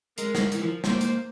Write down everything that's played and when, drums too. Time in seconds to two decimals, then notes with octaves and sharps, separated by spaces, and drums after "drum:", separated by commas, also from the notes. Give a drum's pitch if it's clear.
0.18 G#3 A#4, drum: hi-hat
0.35 drum: snare
0.52 E3 A#4, drum: hi-hat
0.62 F3
0.84 A#3 C5, drum: snare
1.01 drum: hi-hat